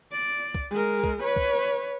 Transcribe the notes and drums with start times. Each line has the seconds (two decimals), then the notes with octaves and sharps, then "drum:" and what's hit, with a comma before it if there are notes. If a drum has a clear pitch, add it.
0.12 D5
0.55 drum: kick
0.71 G#3 A#4
1.04 drum: kick
1.22 B4 C#5
1.36 drum: kick